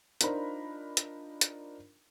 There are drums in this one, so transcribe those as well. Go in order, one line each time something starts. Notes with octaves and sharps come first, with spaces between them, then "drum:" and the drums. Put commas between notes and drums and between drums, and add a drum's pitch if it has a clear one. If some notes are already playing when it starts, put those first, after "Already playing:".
D4 D#4 F4 A#4 C5 B5, drum: hi-hat
drum: hi-hat
drum: hi-hat